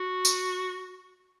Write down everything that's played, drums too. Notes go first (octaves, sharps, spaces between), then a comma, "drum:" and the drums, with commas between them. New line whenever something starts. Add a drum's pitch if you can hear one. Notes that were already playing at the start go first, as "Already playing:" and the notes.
Already playing: F#4
drum: tambourine